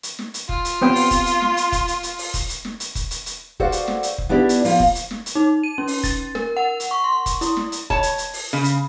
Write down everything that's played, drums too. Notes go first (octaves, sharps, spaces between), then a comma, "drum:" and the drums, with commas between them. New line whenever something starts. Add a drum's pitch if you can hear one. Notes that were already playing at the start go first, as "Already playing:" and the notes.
drum: hi-hat
drum: snare
drum: hi-hat
F4, drum: kick F1
drum: hi-hat
B3 C4 G5 C6
drum: open hi-hat
drum: kick F1, hi-hat
drum: hi-hat
drum: snare
drum: hi-hat
drum: kick F1, hi-hat
drum: hi-hat
drum: hi-hat
drum: open hi-hat
drum: kick F1, hi-hat
drum: hi-hat
drum: snare
drum: hi-hat
drum: kick F1, hi-hat
drum: hi-hat
drum: hi-hat
F#4 A4 C5 D5 F5 F#5, drum: kick F1
drum: hi-hat
drum: snare
drum: hi-hat
drum: kick F1
B3 D4 E4 G4 D5 E5
drum: hi-hat
F3 A#3 F4, drum: open hi-hat
drum: kick F1
drum: hi-hat
drum: snare
drum: hi-hat
D#4
D#7
C#4
drum: open hi-hat
A6, drum: kick F1, hi-hat
A#4, drum: snare
F#5
drum: hi-hat
C#6
C6
drum: kick F1, hi-hat
E4, drum: hi-hat
drum: snare
drum: hi-hat
C#5 A5, drum: kick F1
drum: hi-hat
drum: hi-hat
drum: open hi-hat
C#3
drum: hi-hat